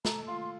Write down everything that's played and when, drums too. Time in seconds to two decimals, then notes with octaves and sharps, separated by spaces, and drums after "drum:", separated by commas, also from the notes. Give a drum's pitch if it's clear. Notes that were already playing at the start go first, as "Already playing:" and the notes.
0.05 A4 A#5, drum: snare
0.27 F4 C6
0.41 C6